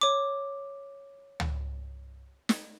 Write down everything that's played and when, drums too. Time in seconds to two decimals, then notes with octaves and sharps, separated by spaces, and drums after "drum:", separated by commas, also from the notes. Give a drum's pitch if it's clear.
0.01 C#5 D6
1.40 drum: tom C#2
2.49 drum: snare